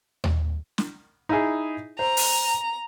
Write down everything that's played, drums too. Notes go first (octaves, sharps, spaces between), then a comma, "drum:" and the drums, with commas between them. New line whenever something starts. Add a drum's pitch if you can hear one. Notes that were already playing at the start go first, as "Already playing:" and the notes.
drum: tom D#2
drum: snare
D#4 E4 G#4
C5 A#5
drum: open hi-hat